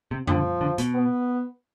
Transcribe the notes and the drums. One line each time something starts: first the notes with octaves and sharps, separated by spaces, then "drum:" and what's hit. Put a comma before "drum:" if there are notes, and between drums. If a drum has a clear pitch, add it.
C3
D3 F3, drum: tom F2
D3
B2, drum: hi-hat
B3